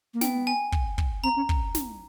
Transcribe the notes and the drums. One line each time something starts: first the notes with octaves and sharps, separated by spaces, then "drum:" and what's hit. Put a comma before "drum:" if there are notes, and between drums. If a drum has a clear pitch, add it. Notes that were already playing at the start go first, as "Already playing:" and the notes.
A#3
B3 G5, drum: snare
G#5
drum: kick
drum: kick
C4 A#5
C#4
drum: kick
drum: snare